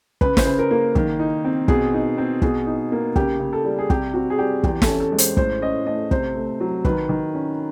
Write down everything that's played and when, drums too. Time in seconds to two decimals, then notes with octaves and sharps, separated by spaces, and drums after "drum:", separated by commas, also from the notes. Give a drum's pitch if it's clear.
0.21 C#3 B4, drum: kick
0.37 C5, drum: snare
0.45 C#3 B4
0.59 A#4
0.71 A#3
0.95 D#3, drum: kick
1.19 D#4
1.45 C4
1.68 B2 G#4, drum: kick
1.93 D#4
2.18 C4
2.42 B2 G#4, drum: kick
2.66 D#4
2.92 A#3
3.16 C#3 G4, drum: kick
3.40 C#3
3.53 A4
3.65 G3
3.79 G#4
3.90 C3 G4, drum: kick
4.14 C4 F#4
4.30 G#4
4.38 G3 G4
4.63 E2 G4, drum: kick
4.82 A4, drum: snare
4.88 C#4
5.00 A4
5.12 G#3
5.18 C5, drum: hi-hat
5.37 A2 C5, drum: kick
5.62 C#4 D#5
5.86 A3 D#5
6.11 C3 C5, drum: kick
6.35 A3
6.60 F#3
6.85 D#3 B4, drum: kick
7.09 D#3
7.34 C#4